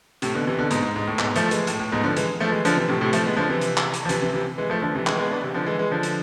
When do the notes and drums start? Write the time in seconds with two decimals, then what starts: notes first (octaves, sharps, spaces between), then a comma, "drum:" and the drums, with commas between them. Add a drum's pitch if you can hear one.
0.22 A2 C3, drum: hi-hat
0.35 B2 D3
0.47 C3 E3
0.59 B2 D3
0.71 G#2 B2, drum: hi-hat
0.83 G#2
0.96 G#2
1.07 A2
1.19 G#2 B2, drum: clap
1.36 F3 A3, drum: hi-hat
1.51 E3 G#3, drum: hi-hat
1.67 A2, drum: hi-hat
1.80 A2
1.92 G#2 B2
2.04 D3 F3
2.16 E3 G#3, drum: hi-hat
2.40 F3 A3
2.52 E3 G#3
2.65 D3 F3, drum: hi-hat
2.77 C3 E3
2.88 A2 C3
3.01 A2 C3
3.13 F3 A3, drum: hi-hat
3.25 G#3 B3
3.37 D3 F3
3.49 C3 E3
3.61 drum: hi-hat
3.77 drum: clap
3.94 drum: hi-hat
4.05 F3
4.09 C3 E3, drum: hi-hat
4.22 C3 E3
4.33 C3 E3
4.58 E3 G#3
4.70 F3 A3
4.82 D3 F3
4.95 C3 E3
5.07 E3 G#3, drum: clap
5.18 G#3 B3
5.30 B3 D4
5.42 C3 E3
5.54 D3 F3
5.66 E3 G#3
5.79 E3 G#3
5.91 D3 F3
6.03 drum: hi-hat